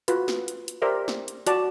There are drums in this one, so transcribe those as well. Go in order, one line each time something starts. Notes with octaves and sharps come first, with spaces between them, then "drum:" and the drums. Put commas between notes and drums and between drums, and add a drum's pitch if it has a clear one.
F4 F#4 B4, drum: hi-hat
drum: snare
drum: hi-hat
drum: hi-hat
G4 A#4 C5 D5 E5
drum: snare
drum: hi-hat
F#4 D5 A5, drum: hi-hat